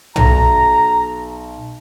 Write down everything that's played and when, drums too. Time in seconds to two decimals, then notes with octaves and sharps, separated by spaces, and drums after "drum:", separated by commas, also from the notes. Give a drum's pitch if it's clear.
0.16 B1 A#5, drum: tom